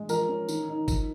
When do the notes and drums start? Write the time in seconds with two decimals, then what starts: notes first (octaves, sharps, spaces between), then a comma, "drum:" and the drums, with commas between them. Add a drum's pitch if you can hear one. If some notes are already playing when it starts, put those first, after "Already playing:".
Already playing: G#3
0.09 F3 A#4, drum: tambourine
0.29 C#4
0.49 D#3, drum: tambourine
0.68 D#4
0.88 F3, drum: kick, tambourine